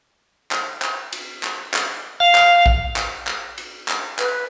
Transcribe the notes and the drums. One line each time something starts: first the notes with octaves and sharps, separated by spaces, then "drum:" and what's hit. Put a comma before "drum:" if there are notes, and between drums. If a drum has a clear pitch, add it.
drum: clap
drum: clap
drum: cymbal
drum: clap
drum: clap
F5
drum: clap
drum: kick A#1
drum: clap
drum: clap
drum: cymbal
drum: clap
B4, drum: clap